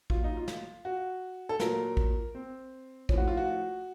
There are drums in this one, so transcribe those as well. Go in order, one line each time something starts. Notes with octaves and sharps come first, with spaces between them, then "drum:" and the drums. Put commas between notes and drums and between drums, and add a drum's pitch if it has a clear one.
A#2 F#3 F4, drum: kick A1
D#4
F4
drum: snare
F#4
A4
A#2 F#3 A#4, drum: snare
drum: kick A1
C4
A2 F3 C#4, drum: kick A1
F#4
F4
F#4